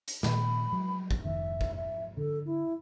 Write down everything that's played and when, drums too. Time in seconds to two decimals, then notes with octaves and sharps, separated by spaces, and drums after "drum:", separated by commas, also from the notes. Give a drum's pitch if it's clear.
0.08 drum: hi-hat
0.23 A#2 D#3 A#3 B5, drum: snare
0.72 F#3
1.11 drum: kick
1.24 F1 D#3 E5
1.61 drum: kick
1.76 E5
2.17 D3 A4
2.46 E4